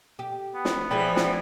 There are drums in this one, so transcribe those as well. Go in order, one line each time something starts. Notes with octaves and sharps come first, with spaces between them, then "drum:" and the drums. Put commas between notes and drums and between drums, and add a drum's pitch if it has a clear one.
G4
B3
drum: snare
A2 E3 F3 G#4 D5 G5 B5
drum: snare